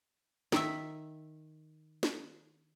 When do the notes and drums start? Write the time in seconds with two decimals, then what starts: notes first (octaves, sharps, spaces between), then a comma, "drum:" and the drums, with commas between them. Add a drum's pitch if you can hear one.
0.52 D#3 E5, drum: snare
2.03 drum: snare